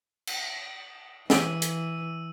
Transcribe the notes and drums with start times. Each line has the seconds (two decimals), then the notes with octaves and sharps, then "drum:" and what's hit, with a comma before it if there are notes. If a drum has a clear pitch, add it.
0.27 drum: cymbal
1.30 E3 E6 D#7, drum: snare
1.62 drum: hi-hat